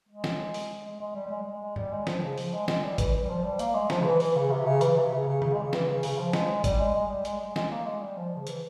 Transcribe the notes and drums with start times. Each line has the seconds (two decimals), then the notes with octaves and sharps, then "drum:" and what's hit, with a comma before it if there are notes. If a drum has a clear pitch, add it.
0.09 G#3
0.24 drum: snare
0.54 drum: open hi-hat
0.85 G#3
1.00 G#3
1.15 G3
1.26 G3
1.30 G#3
1.46 G#3
1.61 G#3
1.76 G3, drum: tom G2
1.92 G#3
2.07 F3, drum: snare
2.22 C#3
2.38 F3, drum: open hi-hat
2.53 G#3
2.68 G#3, drum: snare
2.83 G3
2.98 E3, drum: kick G#1, hi-hat
3.14 E3
3.22 G3
3.29 F3
3.44 G3
3.59 A#3, drum: hi-hat
3.74 G#3
3.90 F3, drum: snare
4.00 C#3
4.05 E3
4.20 E3, drum: open hi-hat
4.36 C#3
4.51 C3
4.66 C#3
4.81 E3, drum: hi-hat
4.96 C3
5.12 C#3
5.27 C#3
5.42 C#3, drum: tom D#3
5.53 G#3
5.62 C#3
5.73 E3, drum: snare
5.88 C#3
6.03 C#3, drum: open hi-hat
6.19 F3
6.33 G#3, drum: snare
6.64 G3, drum: kick G#1, hi-hat
6.79 G#3
6.94 G#3
7.10 G3
7.25 G#3, drum: hi-hat
7.40 G#3
7.56 G#3, drum: snare
7.71 A#3
7.86 G#3
8.01 G3
8.17 F3
8.36 C#3
8.47 E3, drum: hi-hat